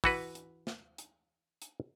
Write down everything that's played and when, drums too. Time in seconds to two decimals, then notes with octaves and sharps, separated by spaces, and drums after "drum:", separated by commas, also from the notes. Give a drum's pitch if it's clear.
0.04 E3 F#4 B4, drum: kick, open hi-hat
0.35 drum: hi-hat
0.67 drum: snare
0.98 drum: hi-hat
1.62 drum: hi-hat